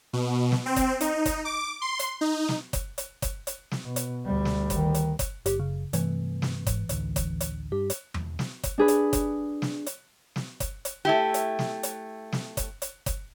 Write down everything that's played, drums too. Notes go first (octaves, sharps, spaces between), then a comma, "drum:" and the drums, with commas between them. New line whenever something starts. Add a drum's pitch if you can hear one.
B2
drum: snare
C4
drum: kick F#1, hi-hat
D#4, drum: hi-hat
drum: kick F#1, hi-hat
D6
C6
drum: hi-hat
D#4
drum: snare
drum: kick F#1, hi-hat
drum: hi-hat
drum: kick F#1, hi-hat
drum: hi-hat
drum: snare
B2
drum: hi-hat
D2 G3
drum: snare
D#3, drum: kick F#1, hi-hat
drum: hi-hat
drum: kick F#1, hi-hat
F#1 G4, drum: hi-hat
C#3
G2 C3 E3 A3, drum: hi-hat
drum: snare
G#2, drum: kick F#1, hi-hat
A1 D2, drum: hi-hat
drum: kick F#1, hi-hat
drum: hi-hat
G2 G4
drum: hi-hat
drum: tom E2
drum: snare
drum: kick F#1, hi-hat
D4 G#4 B4
drum: hi-hat
drum: kick F#1, hi-hat
drum: snare
drum: hi-hat
drum: snare
drum: kick F#1, hi-hat
drum: hi-hat
A3 E4 G4
drum: hi-hat
drum: snare
drum: hi-hat
drum: snare
drum: kick F#1, hi-hat
drum: hi-hat
drum: kick F#1, hi-hat